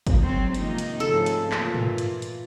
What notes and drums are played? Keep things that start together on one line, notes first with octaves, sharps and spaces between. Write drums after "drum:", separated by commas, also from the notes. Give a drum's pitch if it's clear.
drum: kick, hi-hat
G#2 F#3 C4
C3 D#3 F3 A#3 D#4 D#5, drum: hi-hat
drum: hi-hat
G#2 C#3 F3 A3 C4 A4, drum: hi-hat
drum: hi-hat
A#2 E3 F4, drum: clap
drum: tom
drum: hi-hat
drum: hi-hat